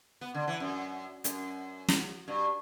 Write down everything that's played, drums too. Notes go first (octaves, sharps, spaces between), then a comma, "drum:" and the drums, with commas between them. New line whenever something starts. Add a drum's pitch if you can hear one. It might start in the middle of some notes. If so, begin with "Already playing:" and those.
B3
D3
E3
F#2
F#2, drum: hi-hat
drum: snare
G2